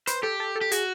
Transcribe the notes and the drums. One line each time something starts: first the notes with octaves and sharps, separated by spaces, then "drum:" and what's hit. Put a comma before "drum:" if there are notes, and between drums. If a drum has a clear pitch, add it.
B4 C5, drum: hi-hat
G4 A4
A4
A4
G4
F#4 G#4, drum: hi-hat